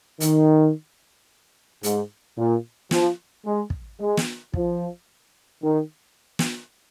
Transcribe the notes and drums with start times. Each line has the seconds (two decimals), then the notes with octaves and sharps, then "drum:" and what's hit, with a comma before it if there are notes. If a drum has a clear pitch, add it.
0.20 D#3, drum: hi-hat
1.83 G#2, drum: hi-hat
2.37 A#2
2.91 F3, drum: snare
3.45 G#3
3.70 drum: kick
3.99 G#3
4.17 drum: snare
4.54 F3, drum: kick
5.62 D#3
6.39 drum: snare